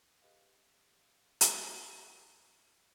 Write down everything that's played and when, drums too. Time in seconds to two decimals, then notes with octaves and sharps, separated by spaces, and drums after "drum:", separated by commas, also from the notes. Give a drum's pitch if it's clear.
0.22 G4 B4 D#5 F5
1.41 drum: hi-hat